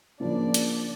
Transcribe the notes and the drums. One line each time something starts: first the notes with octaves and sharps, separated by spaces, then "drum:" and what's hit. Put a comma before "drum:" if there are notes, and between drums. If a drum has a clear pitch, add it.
C#3 F3 A#3 D4 D5
drum: hi-hat